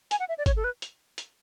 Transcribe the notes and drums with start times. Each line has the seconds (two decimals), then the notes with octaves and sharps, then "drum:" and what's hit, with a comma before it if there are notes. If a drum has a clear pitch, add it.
0.11 G#5, drum: hi-hat
0.20 F#5
0.29 E5
0.38 D5
0.46 C#5, drum: kick G1, hi-hat
0.57 A4
0.64 B4
0.82 drum: hi-hat
1.18 drum: hi-hat